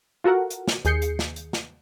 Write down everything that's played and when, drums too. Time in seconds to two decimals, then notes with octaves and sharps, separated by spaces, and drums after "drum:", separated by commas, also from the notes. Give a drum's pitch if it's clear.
0.24 F4 F#4 A4 A#4 F#5
0.50 drum: hi-hat
0.68 drum: snare
0.85 D#2 G#4 G6 C7 C#7, drum: hi-hat
1.02 drum: hi-hat
1.19 drum: snare
1.36 drum: hi-hat
1.53 drum: snare